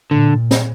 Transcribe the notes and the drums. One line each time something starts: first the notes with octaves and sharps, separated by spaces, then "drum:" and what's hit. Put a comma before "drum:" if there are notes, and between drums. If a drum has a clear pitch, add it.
A#2 D3
drum: snare